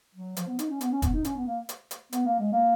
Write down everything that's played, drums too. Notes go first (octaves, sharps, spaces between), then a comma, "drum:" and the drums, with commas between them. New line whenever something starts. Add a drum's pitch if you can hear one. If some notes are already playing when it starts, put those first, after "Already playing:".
F#3
F3, drum: hi-hat
B3
D#4, drum: hi-hat
C#4
B3, drum: hi-hat
C#4
B3, drum: kick, hi-hat
D#4
C#4, drum: hi-hat
B3
A#3
drum: hi-hat
drum: hi-hat
B3, drum: hi-hat
A#3
G#3
A#3